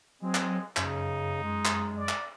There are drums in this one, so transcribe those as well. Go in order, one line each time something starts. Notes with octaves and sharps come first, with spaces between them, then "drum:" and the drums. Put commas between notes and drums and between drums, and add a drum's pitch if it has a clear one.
F#3 G#3 C4
drum: clap
F#2 C#3 D#4, drum: clap
G#3
drum: clap
D5
drum: clap